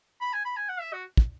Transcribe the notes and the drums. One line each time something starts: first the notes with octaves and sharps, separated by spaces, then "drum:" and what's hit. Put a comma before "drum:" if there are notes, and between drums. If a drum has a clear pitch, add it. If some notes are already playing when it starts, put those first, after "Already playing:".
B5
G#5
B5
G#5
F#5
E5
F#4
drum: kick